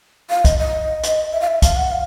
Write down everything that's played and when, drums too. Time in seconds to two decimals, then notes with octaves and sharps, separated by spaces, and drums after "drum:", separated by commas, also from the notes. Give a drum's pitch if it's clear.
0.30 F5
0.45 D#5, drum: kick, hi-hat
0.59 D#5
1.03 drum: hi-hat
1.33 E5
1.41 F5
1.47 E5
1.62 F5, drum: kick, hi-hat
1.76 F#5
1.91 F5